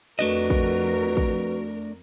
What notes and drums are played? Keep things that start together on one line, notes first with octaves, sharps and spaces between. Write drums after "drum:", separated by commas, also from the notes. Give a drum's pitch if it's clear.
F2 A3 D4 F#4 A#4 B4 D#5
drum: kick
drum: kick